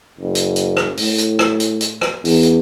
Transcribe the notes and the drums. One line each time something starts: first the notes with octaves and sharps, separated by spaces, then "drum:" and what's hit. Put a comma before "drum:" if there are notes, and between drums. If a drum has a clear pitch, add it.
F#1
drum: hi-hat
drum: hi-hat
drum: rim click
A2, drum: open hi-hat
drum: hi-hat
drum: rim click
drum: hi-hat
drum: hi-hat
drum: rim click
E2, drum: open hi-hat
drum: hi-hat